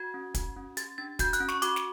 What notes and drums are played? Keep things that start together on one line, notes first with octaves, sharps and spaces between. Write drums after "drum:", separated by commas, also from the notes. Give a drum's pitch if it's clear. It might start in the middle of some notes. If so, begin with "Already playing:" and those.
Already playing: F#4 G#6
C#4
F#4, drum: kick, hi-hat
C#4
G4 A6, drum: hi-hat
D4 A6
F#4 G6, drum: kick, hi-hat
F#6, drum: hi-hat
C#4
C#6, drum: snare
F#4 D6, drum: hi-hat
drum: snare